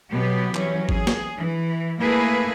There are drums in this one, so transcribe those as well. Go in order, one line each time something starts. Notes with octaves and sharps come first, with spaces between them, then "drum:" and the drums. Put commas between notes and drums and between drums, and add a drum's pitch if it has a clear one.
B2 F#3 B3 G4
E3 F#3 C#4, drum: clap
G#4, drum: kick G#1
drum: snare
E3
A3 A#3 E4 G#4 B4